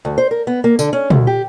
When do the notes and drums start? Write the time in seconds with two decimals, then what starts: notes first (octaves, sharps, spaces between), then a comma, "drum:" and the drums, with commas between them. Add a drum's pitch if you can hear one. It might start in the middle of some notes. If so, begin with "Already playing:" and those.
0.05 D2
0.18 C5
0.31 A#4
0.47 B3
0.64 A#3
0.79 D3, drum: tambourine
0.93 C#4
1.10 D2, drum: tom
1.27 G4